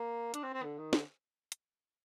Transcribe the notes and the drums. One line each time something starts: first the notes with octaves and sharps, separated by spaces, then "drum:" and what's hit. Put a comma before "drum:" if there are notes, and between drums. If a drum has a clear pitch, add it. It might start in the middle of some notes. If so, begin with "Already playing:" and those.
Already playing: A#3
D4, drum: hi-hat
C4
C4
D3
D#3
D3, drum: snare
drum: hi-hat